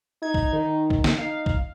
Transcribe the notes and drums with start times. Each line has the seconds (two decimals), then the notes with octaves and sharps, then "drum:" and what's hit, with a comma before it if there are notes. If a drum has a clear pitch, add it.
0.23 D#4 G#6
0.34 drum: kick
0.53 D#3
0.90 drum: kick
1.04 drum: snare
1.18 D#4 F5
1.46 drum: kick